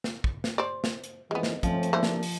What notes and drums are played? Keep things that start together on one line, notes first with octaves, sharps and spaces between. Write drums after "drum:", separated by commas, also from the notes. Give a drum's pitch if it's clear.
drum: snare
drum: kick
drum: snare
C5 D5
drum: snare
drum: hi-hat
F2 D#3 E3 G#3 B3
drum: snare
F3 A3 C4 C#4, drum: kick, hi-hat
drum: hi-hat
C3 E3 A3 A#3 D4 C5
drum: snare
drum: open hi-hat